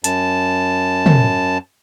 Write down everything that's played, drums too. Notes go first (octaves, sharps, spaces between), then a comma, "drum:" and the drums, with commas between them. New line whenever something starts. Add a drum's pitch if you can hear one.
F#2 A5, drum: hi-hat
drum: tom